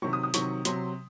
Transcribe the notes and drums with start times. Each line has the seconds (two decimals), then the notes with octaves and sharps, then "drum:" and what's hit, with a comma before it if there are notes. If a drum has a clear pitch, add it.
0.02 C3 D#3 F#3 C#6
0.13 D#6
0.23 D#6
0.34 C3 D#3 F#3 C#6, drum: hi-hat
0.65 C3 F#3 C6, drum: hi-hat